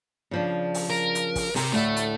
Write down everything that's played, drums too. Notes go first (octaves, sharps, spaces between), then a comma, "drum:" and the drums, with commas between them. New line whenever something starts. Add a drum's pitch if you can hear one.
C#3 F3 D4
drum: open hi-hat
A#4
drum: hi-hat
drum: kick, open hi-hat
C3 A#4, drum: open hi-hat
D2 A2 A3 E4
drum: hi-hat